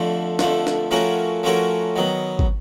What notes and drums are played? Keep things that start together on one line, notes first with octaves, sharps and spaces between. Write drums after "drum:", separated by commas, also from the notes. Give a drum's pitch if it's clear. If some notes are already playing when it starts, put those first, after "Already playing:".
Already playing: F2 D3 F3 A3
F2 D3 F3 A3, drum: snare
drum: snare
F3 A3 C#4 F#4 A#4
F3 A3 C#4 F#4 A#4
D#3 F#3 B3
drum: kick